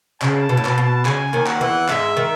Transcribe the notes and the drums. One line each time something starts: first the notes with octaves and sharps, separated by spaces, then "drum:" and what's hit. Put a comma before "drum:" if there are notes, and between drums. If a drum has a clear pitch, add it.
C#3 A5, drum: clap
B2
A2
B2, drum: clap
B2
C#3 G#5, drum: clap
D#2 D#3
F#5, drum: clap
E2 E3
G#2 G#3 E5, drum: clap
D#3